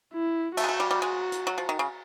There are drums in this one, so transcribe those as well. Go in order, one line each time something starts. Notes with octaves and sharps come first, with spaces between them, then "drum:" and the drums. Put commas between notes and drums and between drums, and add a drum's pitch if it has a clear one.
E4
A3 F#4, drum: cymbal
G#3
A3
G3
G3
G#3
drum: hi-hat
F#3
F3
D#3
C#3